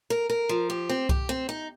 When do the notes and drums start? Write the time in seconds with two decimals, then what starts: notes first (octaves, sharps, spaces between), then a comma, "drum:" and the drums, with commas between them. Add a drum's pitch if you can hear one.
0.10 A#4
0.30 A#4
0.49 F3
0.70 G4
0.89 C4
1.09 G4, drum: kick C2
1.29 C4
1.49 D#4